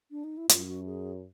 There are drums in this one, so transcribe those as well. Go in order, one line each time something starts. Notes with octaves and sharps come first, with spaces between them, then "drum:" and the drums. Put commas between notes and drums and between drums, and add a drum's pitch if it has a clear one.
D4
D#4
E4
F#2 F4, drum: hi-hat
F#4
G#4